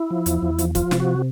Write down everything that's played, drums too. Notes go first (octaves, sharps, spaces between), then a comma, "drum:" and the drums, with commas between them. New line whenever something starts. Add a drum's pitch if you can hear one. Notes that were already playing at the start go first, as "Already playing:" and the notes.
Already playing: E4
F3
E2, drum: hi-hat
E2
F3, drum: hi-hat
F3 F4, drum: kick, hi-hat
C3, drum: snare
F#4